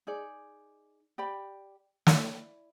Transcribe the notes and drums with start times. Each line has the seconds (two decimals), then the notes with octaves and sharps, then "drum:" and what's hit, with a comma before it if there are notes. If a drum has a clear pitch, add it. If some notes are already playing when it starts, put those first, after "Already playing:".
0.07 D#4 G#4 D5
1.18 G4 D5 G5 B5
2.07 E4 D5, drum: snare